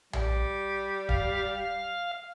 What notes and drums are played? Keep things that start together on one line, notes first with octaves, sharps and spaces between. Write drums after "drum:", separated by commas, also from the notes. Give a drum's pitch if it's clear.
G3, drum: tom A#1
F5, drum: kick D#1